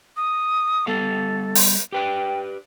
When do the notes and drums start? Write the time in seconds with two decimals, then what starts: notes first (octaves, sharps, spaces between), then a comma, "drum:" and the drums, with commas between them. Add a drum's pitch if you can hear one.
0.16 D#6
0.87 G3 B3 A4 F5
1.55 drum: open hi-hat
1.92 G4 B4 D5 G5